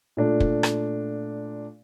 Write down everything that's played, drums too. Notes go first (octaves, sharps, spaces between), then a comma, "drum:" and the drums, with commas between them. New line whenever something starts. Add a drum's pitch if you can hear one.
A#2 A3 D4
drum: kick
drum: rim click